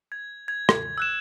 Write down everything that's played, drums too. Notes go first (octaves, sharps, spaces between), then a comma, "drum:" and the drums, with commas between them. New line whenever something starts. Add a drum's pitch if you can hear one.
G#6
G#6
drum: rim click
E6 F#6 E7